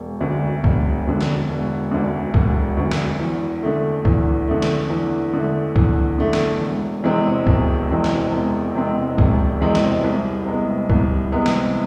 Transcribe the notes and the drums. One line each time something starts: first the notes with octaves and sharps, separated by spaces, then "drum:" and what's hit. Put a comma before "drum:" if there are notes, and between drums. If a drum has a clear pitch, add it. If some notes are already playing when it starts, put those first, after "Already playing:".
Already playing: E1
D2 D3
E1, drum: kick C#2
D2 D3
drum: snare
E1
D2 D3
E1, drum: kick C#2
D2 D3
drum: snare
E2
D3 A3
E2, drum: kick C#2
D3 A3
drum: snare
E2
D3 A3
E2, drum: kick C#2
D3 A3
drum: snare
E1
E2 C3 G#3 C4
E1, drum: kick C#2
E2 C3 G#3 C4
drum: snare
E1
E2 C3 G#3 C4
E1, drum: kick C#2
E2 C3 G#3 C4
drum: snare
C2
C3 G#3 B3
C2, drum: kick C#2
C3 G#3 B3
drum: snare